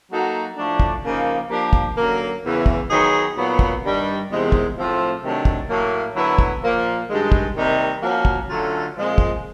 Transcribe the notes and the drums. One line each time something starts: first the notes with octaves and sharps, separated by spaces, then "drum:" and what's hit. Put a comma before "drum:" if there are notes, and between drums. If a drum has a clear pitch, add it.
F#3 A#3 D#4 F#4 A4
A2 F3 A3 D4
drum: kick
C#3 F3 A#3 D#4
F3 A#3 D4 G4
drum: kick
F#2 D3 F#3 A#3
E2 C#3 E3
drum: kick
D#3 F#3 B3 D#4 G#4
A#2 F#3 B3
drum: kick
G2 D#3 G3
E2 C3 D#3 G#3 C4
drum: kick
A2 F3 A3 C4 F4
C3 D#3 F#3 A3 D4
drum: kick
A2 F#3 A#3
D3 F#3 B3 E4
drum: kick
A#2 F3 A#3
G2 D#3 G#3
drum: kick
C3 D#3 G3 A#3 D#4
F3 A#3 C#4 F#4 A#4
drum: kick
D3 F#3 A3 C#4 F4
A#2 F3 G#3 C4
drum: kick